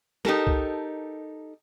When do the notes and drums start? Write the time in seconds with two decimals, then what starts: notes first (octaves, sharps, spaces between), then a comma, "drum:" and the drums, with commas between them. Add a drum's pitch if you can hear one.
0.25 D#4 G4 A4 A#4, drum: snare
0.47 drum: kick C2